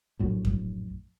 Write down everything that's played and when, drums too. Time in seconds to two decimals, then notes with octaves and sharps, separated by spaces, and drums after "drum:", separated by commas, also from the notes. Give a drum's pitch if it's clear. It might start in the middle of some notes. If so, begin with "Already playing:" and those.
0.19 A#1 F#2 A2
0.45 drum: kick F#2